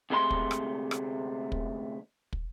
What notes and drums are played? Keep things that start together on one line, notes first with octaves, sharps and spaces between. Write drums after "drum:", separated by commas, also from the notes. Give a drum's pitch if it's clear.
D2 C3 G#3 A3 A#5 C6
drum: kick
drum: rim click
drum: rim click
drum: kick
drum: kick